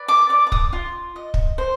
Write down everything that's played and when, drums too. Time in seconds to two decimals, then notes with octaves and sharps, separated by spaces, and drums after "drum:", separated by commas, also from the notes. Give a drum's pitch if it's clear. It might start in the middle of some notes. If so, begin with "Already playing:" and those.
Already playing: B4 D5
0.08 D6
0.29 D5 D6
0.47 D6
0.52 D#6, drum: kick
0.73 F4
1.16 D#5
1.34 drum: kick
1.58 C5